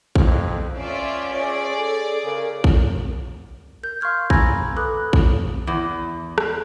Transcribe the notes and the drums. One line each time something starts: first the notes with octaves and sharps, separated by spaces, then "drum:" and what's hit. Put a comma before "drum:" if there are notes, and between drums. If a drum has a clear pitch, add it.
F2, drum: kick A1
C#4 F4 D5 E5
G#4 C#5 D5
A4
C#3 A#4
drum: kick A1
A#4 G6
F5 C6 C#6 F6 G6 G#6
G#5 A#5 B5 E6 G#6 A#6, drum: kick A1
A4 B4 B5 D6 D#6 F#6
drum: kick A1
E2
drum: rim click